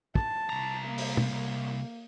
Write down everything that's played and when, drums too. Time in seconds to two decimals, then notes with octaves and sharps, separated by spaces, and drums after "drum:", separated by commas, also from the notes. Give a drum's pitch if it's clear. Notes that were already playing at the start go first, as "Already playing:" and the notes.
0.15 A5, drum: kick
0.49 C2 A#5
0.84 A#3
0.98 drum: open hi-hat
1.17 drum: tom